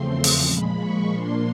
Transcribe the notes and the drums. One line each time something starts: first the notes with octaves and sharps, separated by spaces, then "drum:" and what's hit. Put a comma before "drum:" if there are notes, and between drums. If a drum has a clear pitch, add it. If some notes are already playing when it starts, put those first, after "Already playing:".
Already playing: E2 C#3 F3 A3 C4 C6
C6
drum: open hi-hat
A#2 F3 G#3 B5
C#6
A#2 F3 A#3 D4 C6